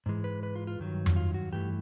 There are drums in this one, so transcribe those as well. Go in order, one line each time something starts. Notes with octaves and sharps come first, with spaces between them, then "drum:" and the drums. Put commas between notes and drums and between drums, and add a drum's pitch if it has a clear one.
G#2 E3 G#3
B4
B4
F4
F4
G2 D#3 F#3
drum: tom F2
F4
F#4
G2 E3 A3 G4